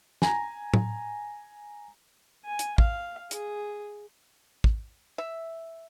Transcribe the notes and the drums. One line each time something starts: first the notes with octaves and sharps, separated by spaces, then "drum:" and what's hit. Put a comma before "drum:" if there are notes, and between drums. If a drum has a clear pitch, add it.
G#5 A#5, drum: snare
drum: tom A2
G#5
drum: hi-hat
F5, drum: kick
G#4, drum: hi-hat
drum: kick
E5